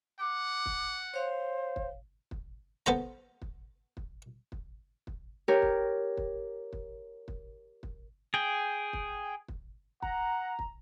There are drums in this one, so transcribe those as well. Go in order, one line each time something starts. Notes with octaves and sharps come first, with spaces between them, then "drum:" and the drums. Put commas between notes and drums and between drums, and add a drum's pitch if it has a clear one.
F#5 D6
drum: kick
C5 C#5 F5
drum: kick
drum: kick
B3 A4 C5 A#5, drum: kick
drum: kick
drum: kick
drum: kick
drum: kick
G4 A#4 C#5
drum: kick
drum: kick
drum: kick
drum: kick
drum: kick
G#4 G5
drum: kick
drum: kick
F#5 A#5, drum: kick
drum: kick